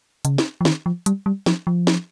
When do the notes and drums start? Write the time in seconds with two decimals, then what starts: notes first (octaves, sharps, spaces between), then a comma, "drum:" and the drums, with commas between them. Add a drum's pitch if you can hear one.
0.25 C#3, drum: hi-hat
0.38 drum: snare
0.61 F3
0.65 D#3, drum: snare
0.86 F3
1.06 G3, drum: hi-hat
1.26 G3
1.46 F3, drum: snare
1.67 F3
1.87 drum: snare